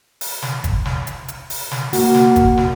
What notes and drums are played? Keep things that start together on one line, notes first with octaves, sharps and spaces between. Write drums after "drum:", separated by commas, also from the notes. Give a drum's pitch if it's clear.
drum: open hi-hat
drum: snare
drum: kick, hi-hat
drum: snare
drum: hi-hat
drum: hi-hat
drum: open hi-hat
drum: snare
A#3 F#4, drum: open hi-hat
drum: snare
drum: kick, hi-hat
drum: snare